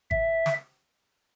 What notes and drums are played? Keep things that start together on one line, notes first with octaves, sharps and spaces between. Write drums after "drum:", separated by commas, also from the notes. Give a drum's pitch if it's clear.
E5, drum: kick G#1
drum: snare